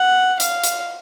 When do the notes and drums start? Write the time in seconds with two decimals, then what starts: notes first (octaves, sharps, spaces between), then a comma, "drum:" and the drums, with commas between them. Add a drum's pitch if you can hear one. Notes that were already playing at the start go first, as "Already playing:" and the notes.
Already playing: F#5
0.40 F5, drum: hi-hat
0.64 drum: hi-hat